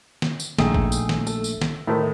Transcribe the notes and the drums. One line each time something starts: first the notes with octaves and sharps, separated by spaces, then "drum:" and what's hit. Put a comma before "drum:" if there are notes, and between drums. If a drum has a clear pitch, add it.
drum: snare
drum: tambourine
A#1 A3 D#4 G#4 G5 A#5, drum: snare
drum: kick G#1
drum: tambourine
drum: snare
A4, drum: tambourine
drum: tambourine
drum: snare
A2 D#3 A3 E4 C5